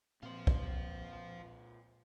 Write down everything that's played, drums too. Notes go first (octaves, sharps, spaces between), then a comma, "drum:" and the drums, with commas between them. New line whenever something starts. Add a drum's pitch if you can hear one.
A#2 C4 F4 C5
drum: kick